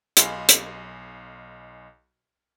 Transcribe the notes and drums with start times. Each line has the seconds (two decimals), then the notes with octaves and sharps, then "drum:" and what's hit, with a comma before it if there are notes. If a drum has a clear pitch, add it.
0.17 B1 D#5 F5 G#5 B5 C6, drum: hi-hat
0.49 drum: hi-hat